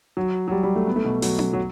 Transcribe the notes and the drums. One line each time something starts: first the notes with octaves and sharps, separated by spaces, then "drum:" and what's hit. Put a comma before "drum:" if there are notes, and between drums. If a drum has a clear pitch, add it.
F#3
F#3
G3
G3
A3
B3
A3
B2
F#3, drum: open hi-hat
drum: tom C#4
F#3